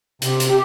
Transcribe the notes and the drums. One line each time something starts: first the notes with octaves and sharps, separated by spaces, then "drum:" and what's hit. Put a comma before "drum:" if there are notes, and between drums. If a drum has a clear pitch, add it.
C3, drum: hi-hat
drum: hi-hat
G4